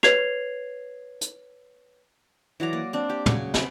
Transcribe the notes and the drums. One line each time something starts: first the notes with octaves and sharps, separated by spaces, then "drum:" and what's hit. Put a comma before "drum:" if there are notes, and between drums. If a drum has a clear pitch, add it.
B4 C#5 G#6 C7 F7, drum: rim click
drum: hi-hat
E3 F#3 D5 A#5
A#3
C4 D4
G4
C#3 F#3 G#5, drum: tom
C4 G5 B5, drum: snare